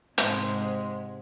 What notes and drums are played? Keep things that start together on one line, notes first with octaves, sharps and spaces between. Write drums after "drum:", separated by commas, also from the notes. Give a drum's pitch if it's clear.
G#2 C3 G#3, drum: hi-hat